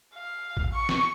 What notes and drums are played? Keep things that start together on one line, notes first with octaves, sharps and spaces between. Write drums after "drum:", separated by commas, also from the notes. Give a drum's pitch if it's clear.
F5
drum: kick A1
C#6
drum: snare